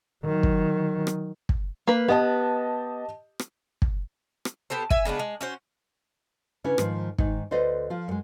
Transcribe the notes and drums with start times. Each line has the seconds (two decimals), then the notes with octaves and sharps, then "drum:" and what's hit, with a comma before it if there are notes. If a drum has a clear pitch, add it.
0.24 D#3 F#3
0.43 drum: kick
1.07 drum: rim click
1.49 drum: kick
1.87 A#3 B4
2.08 B3 G4 D#5 A5
3.39 drum: rim click
3.82 drum: kick
4.45 drum: rim click
4.70 B3 G4 A4 C5
4.90 E5 G#5, drum: kick
5.05 C#3 G#3 B3 D4
5.19 G#3
5.41 C#4 F#4 C5
6.64 C#3 C#4 D4 E4 B4
6.78 G#2 D#3 F3, drum: rim click
7.18 G#2 D#3 D#4, drum: kick
7.51 D2 B4 C5 D5 D#5
7.90 F3 F4
8.08 F#2 G#3